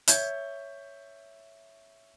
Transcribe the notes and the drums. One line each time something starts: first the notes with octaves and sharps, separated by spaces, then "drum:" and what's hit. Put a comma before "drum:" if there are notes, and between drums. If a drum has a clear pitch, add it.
C#5 E5 G6 G#6, drum: hi-hat